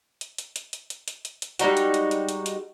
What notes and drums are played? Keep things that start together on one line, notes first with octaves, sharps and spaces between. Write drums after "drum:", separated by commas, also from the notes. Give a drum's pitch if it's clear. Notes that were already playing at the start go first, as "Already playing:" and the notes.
drum: hi-hat
drum: hi-hat
drum: hi-hat
drum: hi-hat
drum: hi-hat
drum: hi-hat
drum: hi-hat
drum: hi-hat
G3 G#3 D#4 F#4, drum: hi-hat
drum: hi-hat
drum: hi-hat
drum: hi-hat
drum: hi-hat
drum: hi-hat